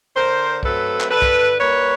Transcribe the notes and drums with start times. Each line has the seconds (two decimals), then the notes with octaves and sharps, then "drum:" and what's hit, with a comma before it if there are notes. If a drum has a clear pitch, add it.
0.15 D3 A#4 C5
0.63 F#3 A3 C4 A4 B4, drum: kick
1.01 drum: clap
1.10 D3 A4 B4
1.22 drum: kick
1.58 G3 A#3 B4 C#5